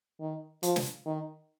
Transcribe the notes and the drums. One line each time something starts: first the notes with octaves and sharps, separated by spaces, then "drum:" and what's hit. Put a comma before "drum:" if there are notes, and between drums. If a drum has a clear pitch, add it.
D#3
F3, drum: hi-hat
drum: snare
D#3